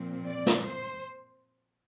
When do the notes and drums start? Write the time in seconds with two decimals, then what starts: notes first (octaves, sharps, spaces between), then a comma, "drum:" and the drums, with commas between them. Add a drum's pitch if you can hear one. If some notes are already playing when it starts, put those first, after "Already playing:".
Already playing: A#2 F3 C4
0.25 D5
0.46 drum: snare
0.65 C5